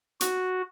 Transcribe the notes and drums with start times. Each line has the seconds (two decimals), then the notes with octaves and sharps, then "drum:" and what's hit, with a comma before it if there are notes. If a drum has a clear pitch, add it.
0.21 F#4, drum: hi-hat